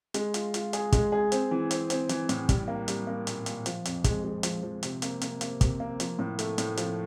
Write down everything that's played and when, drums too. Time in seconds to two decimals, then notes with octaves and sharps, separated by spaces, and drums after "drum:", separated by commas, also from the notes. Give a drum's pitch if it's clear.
0.14 G#3, drum: hi-hat
0.34 F4, drum: hi-hat
0.54 F4, drum: hi-hat
0.73 G#4, drum: hi-hat
0.92 G#3, drum: kick, hi-hat
1.12 G#4
1.32 C4, drum: hi-hat
1.51 E3
1.71 C4, drum: hi-hat
1.90 C4, drum: hi-hat
2.09 E3, drum: hi-hat
2.29 A2, drum: hi-hat
2.49 G3, drum: kick, hi-hat
2.68 A#3
2.88 G3, drum: hi-hat
3.07 A#3
3.27 A#2, drum: hi-hat
3.46 A#2, drum: hi-hat
3.66 F3, drum: hi-hat
3.85 F2, drum: hi-hat
4.04 G#3, drum: kick, hi-hat
4.24 G#3
4.43 F3, drum: hi-hat
4.63 F3
4.83 C3, drum: hi-hat
5.02 A#3, drum: hi-hat
5.21 A#3, drum: hi-hat
5.41 A#3, drum: hi-hat
5.61 C3, drum: kick, hi-hat
5.80 A#3
6.00 F3, drum: hi-hat
6.19 A2
6.39 A3, drum: hi-hat
6.58 A2, drum: hi-hat
6.77 F3, drum: hi-hat